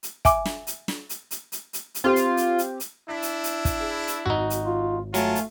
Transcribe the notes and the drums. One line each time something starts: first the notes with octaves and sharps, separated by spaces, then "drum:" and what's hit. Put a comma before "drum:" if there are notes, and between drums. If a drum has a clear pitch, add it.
drum: hi-hat
E5 G#5 D6, drum: kick, hi-hat
drum: snare
drum: hi-hat
drum: snare
drum: hi-hat
drum: hi-hat
drum: hi-hat
drum: hi-hat
drum: hi-hat
C4 F4 G4
drum: hi-hat
drum: hi-hat
drum: hi-hat
drum: hi-hat
D4 E4 B6
drum: hi-hat
drum: hi-hat
drum: kick, hi-hat
G#4
drum: hi-hat
G#1 D#4 F#4
drum: hi-hat
F4
F#3 A3 F4 G#5 A5, drum: hi-hat
drum: hi-hat